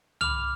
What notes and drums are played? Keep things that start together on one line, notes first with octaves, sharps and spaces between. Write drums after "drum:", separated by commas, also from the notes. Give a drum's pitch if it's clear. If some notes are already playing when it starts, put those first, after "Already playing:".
B5 D6 F6 F7, drum: tom